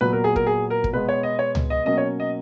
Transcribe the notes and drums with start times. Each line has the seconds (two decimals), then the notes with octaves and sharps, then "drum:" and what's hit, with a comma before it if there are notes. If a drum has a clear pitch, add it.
0.01 A#2 F#3 B3 B4
0.13 A#4
0.24 G#4
0.36 A#4, drum: kick
0.47 G#4
0.70 A#4
0.84 drum: kick
0.93 B2 G#3 B3 B4
1.09 C#5
1.23 D#5
1.39 C#5
1.55 drum: tom C#2
1.70 D#5
1.85 B2 F#3 A#3 C#4 D#5
1.98 C#5
2.20 D#5